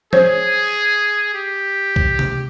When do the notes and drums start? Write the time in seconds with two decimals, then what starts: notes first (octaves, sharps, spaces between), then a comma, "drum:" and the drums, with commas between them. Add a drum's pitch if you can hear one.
0.13 G#4 C5 C#5, drum: tom F3
1.34 G4
1.96 drum: kick B1
2.19 drum: tom C3